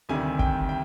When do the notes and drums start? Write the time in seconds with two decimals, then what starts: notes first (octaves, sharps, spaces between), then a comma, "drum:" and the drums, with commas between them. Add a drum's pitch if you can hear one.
0.09 D2 C3 D#3 G3 G#5
0.39 G5, drum: kick G1
0.69 G5